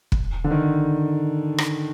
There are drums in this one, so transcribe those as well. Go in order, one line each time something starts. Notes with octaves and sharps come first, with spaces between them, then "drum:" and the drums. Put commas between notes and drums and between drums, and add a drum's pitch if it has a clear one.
drum: kick
D3
D#3
drum: rim click